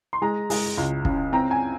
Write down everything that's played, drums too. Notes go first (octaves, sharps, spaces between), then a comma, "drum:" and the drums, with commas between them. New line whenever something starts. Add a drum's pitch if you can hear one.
C6
G#3 A#5
G#3, drum: open hi-hat
C#2
C#3, drum: kick
C4 A#5
G#5